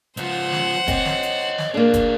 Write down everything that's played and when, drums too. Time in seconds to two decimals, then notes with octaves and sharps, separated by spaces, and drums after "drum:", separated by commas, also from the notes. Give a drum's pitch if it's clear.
0.17 C#2 F3 C5 F#5, drum: hi-hat
0.52 drum: snare
0.88 C4 C#5 D#5, drum: kick F1, hi-hat
1.05 drum: snare
1.23 drum: hi-hat
1.58 drum: snare
1.74 A2 A#3 D4 G#4
1.94 drum: kick F1, hi-hat